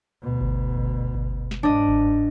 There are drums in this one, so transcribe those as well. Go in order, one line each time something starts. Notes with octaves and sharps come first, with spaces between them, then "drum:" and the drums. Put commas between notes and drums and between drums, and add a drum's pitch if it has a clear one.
D2 B2
drum: kick G1
drum: kick G1
drum: kick G1
drum: snare
G#2 D4 D#5
drum: kick G1